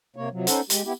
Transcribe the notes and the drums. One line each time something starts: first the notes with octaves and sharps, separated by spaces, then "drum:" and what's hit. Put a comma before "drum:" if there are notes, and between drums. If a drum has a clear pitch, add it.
C3 A#3 C#5
C3 F3 F#3
C#4 D#4 A4 C5 F#5, drum: hi-hat
G#3 G4, drum: hi-hat
B3 E4 G4